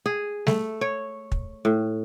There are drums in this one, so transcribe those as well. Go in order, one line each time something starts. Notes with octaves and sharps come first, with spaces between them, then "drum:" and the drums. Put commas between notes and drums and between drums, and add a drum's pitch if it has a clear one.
G#4
A3, drum: snare G3
C#5
drum: kick
A2